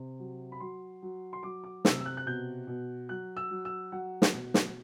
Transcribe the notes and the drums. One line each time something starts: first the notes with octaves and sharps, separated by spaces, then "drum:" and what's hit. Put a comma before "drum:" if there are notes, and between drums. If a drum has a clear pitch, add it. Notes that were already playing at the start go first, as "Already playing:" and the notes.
Already playing: C3
F#3
B5
F#3 C6
F#3
C6
F#3 D6
D6
C3 E6, drum: snare
E6
F#6
F#6
B2 G6
B2
F#3 F#6
E6
F#3
E6
F#3 F#5
drum: snare
B2
drum: snare